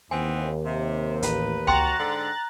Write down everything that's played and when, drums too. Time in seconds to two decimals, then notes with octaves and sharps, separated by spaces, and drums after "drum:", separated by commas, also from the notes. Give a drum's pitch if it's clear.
0.11 D#2 E3 B3 C4 G#5
0.65 C3
1.22 A1 D#4 B4, drum: hi-hat
1.67 F#4 G5 A#5 C6 F#6 A6, drum: tom C#2
1.99 G#2 D3